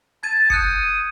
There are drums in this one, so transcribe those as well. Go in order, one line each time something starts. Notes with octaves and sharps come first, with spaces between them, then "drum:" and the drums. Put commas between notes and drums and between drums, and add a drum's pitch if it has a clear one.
A5 G#6 D#7
D#6 F#6 G6 C#7, drum: kick F1